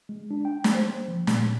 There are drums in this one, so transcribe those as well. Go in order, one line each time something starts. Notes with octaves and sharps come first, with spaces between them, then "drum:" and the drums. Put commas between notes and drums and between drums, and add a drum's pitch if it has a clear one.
G#3
D4
G5
drum: snare
C5
A#3
F3
A#2, drum: snare